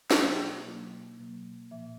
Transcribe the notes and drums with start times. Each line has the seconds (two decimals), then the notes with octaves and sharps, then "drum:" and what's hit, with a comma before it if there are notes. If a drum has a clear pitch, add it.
0.11 B2 F#3 A#3 G5, drum: snare
0.64 B2 F#3 A#3
1.18 B2 F#3 A#3
1.71 A#2 F3 A#3 E5